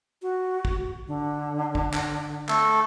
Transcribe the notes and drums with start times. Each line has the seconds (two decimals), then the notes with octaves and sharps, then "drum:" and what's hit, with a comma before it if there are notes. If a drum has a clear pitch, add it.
0.22 F#4
0.65 drum: kick
1.07 D3
1.75 drum: kick
1.93 drum: clap
2.49 A3 A4, drum: clap